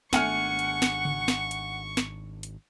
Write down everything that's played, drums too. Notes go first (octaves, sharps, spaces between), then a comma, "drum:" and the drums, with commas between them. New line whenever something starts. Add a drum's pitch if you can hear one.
G#1 A3 B3 D4 F#5 G#5 C#6 F6, drum: snare
drum: hi-hat
drum: snare
drum: tom C#3
drum: snare
drum: hi-hat
drum: snare
drum: hi-hat